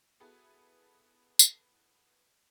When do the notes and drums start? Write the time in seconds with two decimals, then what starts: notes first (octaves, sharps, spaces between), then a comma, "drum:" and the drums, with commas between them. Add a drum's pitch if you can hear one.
0.20 B3 E4 F#4 G#4 A4 B4
1.39 drum: tambourine